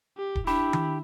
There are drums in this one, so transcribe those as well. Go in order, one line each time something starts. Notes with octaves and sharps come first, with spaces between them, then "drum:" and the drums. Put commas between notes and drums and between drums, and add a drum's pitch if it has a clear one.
G4
drum: kick D#1
D4 E4 G4 B5
drum: tom D#3